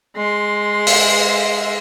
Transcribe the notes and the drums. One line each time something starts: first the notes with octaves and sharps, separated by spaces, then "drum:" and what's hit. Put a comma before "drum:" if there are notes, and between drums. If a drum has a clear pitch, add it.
G#3 C6
drum: open hi-hat